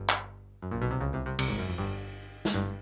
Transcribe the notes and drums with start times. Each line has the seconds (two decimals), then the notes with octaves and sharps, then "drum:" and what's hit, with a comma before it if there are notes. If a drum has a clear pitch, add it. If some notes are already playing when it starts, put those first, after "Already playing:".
Already playing: G1 G2
0.09 drum: clap
0.62 F#2
0.71 A#1 A#2
0.82 B1 B2
0.91 C2 C3
1.00 C#2 C#3
1.13 C2 C3
1.26 C2 C3
1.39 C2 C3, drum: cymbal
1.48 G#1 G#2
1.58 F#2
1.69 F2
1.78 G1 G2
2.45 drum: snare
2.54 G1 G2